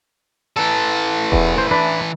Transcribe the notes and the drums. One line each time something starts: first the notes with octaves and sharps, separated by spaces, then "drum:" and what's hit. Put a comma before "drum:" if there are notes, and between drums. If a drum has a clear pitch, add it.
E3 A4
E2, drum: kick D#1
C5
D4 B4